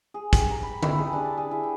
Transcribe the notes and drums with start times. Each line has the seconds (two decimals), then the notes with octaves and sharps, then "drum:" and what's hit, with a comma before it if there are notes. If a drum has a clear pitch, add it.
0.14 G#4
0.33 G4, drum: kick, hi-hat
0.50 A#5
0.63 B5
0.83 E4, drum: tom D3
0.98 G#4
1.13 D4
1.25 A5
1.37 G#4
1.51 E4
1.63 G5